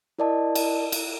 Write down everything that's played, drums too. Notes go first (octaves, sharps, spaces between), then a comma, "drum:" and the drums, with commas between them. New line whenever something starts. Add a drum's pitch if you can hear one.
E4 A#4 D5 D#5 A5
drum: cymbal
drum: cymbal